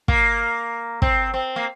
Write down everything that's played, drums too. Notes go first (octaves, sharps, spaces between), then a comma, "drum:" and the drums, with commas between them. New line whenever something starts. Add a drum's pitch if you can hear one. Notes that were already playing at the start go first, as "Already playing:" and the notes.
A#3, drum: kick
C4, drum: kick
C4
A#3